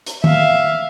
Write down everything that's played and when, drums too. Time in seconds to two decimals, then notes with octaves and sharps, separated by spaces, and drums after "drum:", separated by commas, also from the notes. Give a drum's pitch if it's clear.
0.06 drum: hi-hat
0.24 E5 F5, drum: tom D#3